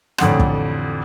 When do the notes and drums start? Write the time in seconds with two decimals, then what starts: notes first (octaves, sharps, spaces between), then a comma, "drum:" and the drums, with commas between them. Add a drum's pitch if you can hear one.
0.18 A1 F2 D3 D5 F#5 C6, drum: rim click
0.39 drum: kick